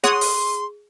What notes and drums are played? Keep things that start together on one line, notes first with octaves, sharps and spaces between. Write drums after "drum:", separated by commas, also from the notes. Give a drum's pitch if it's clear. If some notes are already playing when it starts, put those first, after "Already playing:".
G#4 C#5 F#5 C6 D#6, drum: snare
drum: open hi-hat